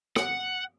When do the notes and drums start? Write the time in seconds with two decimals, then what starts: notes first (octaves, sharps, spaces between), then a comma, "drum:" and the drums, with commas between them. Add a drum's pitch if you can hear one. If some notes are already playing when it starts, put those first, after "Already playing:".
0.16 F#5, drum: rim click